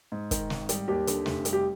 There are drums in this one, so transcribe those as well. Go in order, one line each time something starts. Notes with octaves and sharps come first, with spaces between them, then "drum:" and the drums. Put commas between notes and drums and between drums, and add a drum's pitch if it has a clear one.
G#2
D#3, drum: kick, hi-hat
G#1, drum: snare
G3, drum: hi-hat
D#2 G4
D3, drum: hi-hat
F1, drum: snare
G3, drum: hi-hat
G4